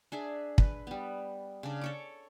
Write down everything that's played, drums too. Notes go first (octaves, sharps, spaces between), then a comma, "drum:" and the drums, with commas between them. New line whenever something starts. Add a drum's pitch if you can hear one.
D4 G#4 E5
B4, drum: kick
G3 B3
C#3 D4
A4 C#5 D6